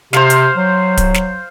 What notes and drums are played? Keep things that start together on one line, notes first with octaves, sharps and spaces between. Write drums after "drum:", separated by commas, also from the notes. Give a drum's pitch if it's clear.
C3 C5 F5, drum: snare
drum: hi-hat
F#3
drum: kick, hi-hat
drum: snare